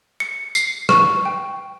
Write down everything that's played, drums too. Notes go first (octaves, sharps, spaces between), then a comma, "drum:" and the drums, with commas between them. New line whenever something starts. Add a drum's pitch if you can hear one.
C#7
C7, drum: tambourine
C#6, drum: rim click
G5